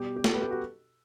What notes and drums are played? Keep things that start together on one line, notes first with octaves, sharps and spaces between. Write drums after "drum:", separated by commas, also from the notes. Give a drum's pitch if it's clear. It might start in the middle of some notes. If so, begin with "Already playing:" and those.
Already playing: B2 G3 G4
G4
A4, drum: snare
B4
G4
F#4